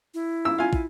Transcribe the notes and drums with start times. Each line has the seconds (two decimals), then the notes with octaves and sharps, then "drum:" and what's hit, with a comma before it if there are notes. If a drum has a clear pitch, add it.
0.14 E4
0.45 E6
0.58 F4 G#5
0.73 E4, drum: kick